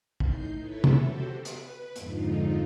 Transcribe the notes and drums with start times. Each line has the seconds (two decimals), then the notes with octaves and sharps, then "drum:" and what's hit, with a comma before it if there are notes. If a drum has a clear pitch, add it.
0.20 A2 D#4 G6 C7, drum: kick
0.54 E4 A4 B4 C#5 E5
0.84 drum: tom
0.96 F#4 G4 A4 C5
1.45 B4, drum: hi-hat
1.96 F2 G#2 D3 F3 D#4 F4, drum: hi-hat